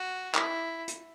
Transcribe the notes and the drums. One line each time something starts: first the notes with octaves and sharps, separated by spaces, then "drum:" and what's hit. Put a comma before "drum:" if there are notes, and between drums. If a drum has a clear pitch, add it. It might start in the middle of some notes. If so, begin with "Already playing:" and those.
Already playing: F#4
E4, drum: clap
drum: hi-hat